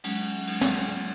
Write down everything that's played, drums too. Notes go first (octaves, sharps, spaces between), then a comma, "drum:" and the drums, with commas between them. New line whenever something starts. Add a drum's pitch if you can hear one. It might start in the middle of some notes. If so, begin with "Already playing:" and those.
F#3 G#3 C#4, drum: cymbal
drum: cymbal
drum: snare